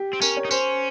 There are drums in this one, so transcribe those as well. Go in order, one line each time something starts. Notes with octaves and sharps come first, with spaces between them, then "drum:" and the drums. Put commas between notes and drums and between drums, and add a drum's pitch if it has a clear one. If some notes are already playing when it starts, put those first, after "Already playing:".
Already playing: G4
C4
C#4 A#4, drum: tambourine
C#5
D#4
C#4 C5, drum: tambourine